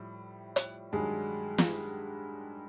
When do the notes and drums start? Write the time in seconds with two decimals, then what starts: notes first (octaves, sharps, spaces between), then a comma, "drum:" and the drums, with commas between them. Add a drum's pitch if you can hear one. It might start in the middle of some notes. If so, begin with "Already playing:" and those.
Already playing: A2 F3 G3
0.56 drum: hi-hat
0.93 G2 D#3 F#3 G#3 G#4
1.58 drum: snare